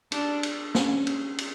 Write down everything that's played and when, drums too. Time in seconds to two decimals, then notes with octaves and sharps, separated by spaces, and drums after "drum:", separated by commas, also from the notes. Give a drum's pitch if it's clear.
0.12 D4, drum: cymbal
0.43 drum: cymbal
0.75 C#4, drum: snare
1.07 drum: cymbal
1.38 drum: cymbal